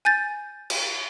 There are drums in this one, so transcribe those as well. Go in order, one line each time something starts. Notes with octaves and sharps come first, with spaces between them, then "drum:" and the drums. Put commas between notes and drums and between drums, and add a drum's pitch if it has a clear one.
G#5 G6 A6
drum: cymbal